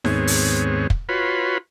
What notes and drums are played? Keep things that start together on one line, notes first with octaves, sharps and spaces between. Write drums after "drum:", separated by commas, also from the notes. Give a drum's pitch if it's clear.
D#2 G#2 B3 C4 G#4 C#5, drum: snare D#4
drum: open hi-hat
drum: kick
F4 F#4 B4 C#5 B5 C6